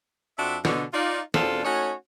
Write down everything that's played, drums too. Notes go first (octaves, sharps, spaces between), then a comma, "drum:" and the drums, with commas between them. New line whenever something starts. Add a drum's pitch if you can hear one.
F2 D4 F#4 E5
B2 D3, drum: snare
D#4 F4 D5
E2 B2 C4 D4 F4 A4, drum: snare
A3 C#4 D#4 F#4 C#5